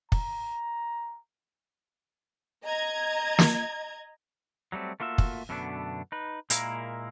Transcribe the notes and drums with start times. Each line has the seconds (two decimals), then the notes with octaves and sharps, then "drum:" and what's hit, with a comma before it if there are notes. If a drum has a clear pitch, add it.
0.12 A#5, drum: kick
2.64 D#5 A#5 G#6
3.39 drum: snare
4.72 F#3 G3 A3 C4
5.00 A3 A#3 F4 F#4 E5
5.18 drum: kick
5.49 F#2 B2 D3 A3 B3 D4
6.12 D#4 B4
6.50 A#2 G#3 A#3 E4 A#4, drum: hi-hat